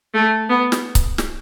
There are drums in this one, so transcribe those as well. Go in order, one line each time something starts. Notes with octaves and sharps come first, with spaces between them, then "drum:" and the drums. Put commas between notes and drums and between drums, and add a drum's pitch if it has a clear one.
A3
B3
drum: snare
drum: kick C#1, hi-hat
drum: snare